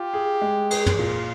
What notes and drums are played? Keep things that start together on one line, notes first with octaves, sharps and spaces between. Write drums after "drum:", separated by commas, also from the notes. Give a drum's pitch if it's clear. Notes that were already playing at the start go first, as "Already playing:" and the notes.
Already playing: F4 G4
G#4
G#3
G#4, drum: cymbal
drum: tom
A#2 F4